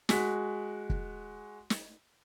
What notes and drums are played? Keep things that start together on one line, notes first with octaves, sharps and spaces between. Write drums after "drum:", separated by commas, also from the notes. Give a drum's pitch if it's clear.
G#3 F#4 B6, drum: snare
drum: kick
drum: snare